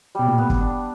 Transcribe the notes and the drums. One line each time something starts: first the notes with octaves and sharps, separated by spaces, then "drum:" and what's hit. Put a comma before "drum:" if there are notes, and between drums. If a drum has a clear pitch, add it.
B2 G3
A#2
A2 B3
drum: kick
D4